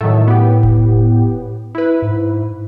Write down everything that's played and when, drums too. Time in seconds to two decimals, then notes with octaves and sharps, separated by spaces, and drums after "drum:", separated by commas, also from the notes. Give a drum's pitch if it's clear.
0.01 A2 D#3 F#3 A3
0.28 B3 G4
0.63 drum: kick E1
1.75 E4 B4
2.02 G#2